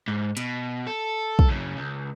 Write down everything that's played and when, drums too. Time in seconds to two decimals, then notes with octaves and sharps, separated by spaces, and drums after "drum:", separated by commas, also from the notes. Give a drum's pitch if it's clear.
0.08 G#2
0.37 B2, drum: hi-hat
0.87 A4
1.39 drum: kick
1.49 F#2 C#3
1.77 C#2